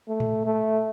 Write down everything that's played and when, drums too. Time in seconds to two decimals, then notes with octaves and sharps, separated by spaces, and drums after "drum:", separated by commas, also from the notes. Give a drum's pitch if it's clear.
0.08 A3
0.20 drum: tom A2
0.46 A3